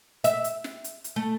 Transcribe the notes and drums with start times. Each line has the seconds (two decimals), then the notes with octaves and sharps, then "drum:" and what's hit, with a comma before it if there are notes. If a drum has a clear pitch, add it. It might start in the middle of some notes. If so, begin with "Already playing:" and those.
0.24 E5, drum: hi-hat
0.44 drum: hi-hat
0.64 drum: snare
0.84 drum: hi-hat
1.04 drum: hi-hat
1.16 A3